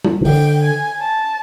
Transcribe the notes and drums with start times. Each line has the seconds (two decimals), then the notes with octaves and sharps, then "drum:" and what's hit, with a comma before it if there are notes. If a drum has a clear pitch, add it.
0.04 drum: tom
0.21 D#3
0.25 D3 G5, drum: open hi-hat
0.62 G#5
1.00 A5